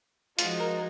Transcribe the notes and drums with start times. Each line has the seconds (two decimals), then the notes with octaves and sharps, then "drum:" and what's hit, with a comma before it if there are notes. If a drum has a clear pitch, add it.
0.39 F3 G#3 D#4 F4 F#4, drum: hi-hat
0.60 A#4